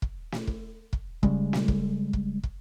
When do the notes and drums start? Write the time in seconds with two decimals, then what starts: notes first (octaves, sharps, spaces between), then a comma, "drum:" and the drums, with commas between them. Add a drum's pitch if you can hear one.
0.02 drum: kick
0.32 drum: snare
0.47 drum: kick
0.93 drum: kick
1.23 C#3 G3 G#3, drum: kick
1.53 drum: snare
1.68 drum: kick
2.13 drum: kick
2.43 drum: kick